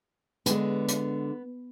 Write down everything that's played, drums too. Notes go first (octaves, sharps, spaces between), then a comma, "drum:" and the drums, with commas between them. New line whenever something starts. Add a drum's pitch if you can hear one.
D3 G#3 B3, drum: hi-hat
drum: hi-hat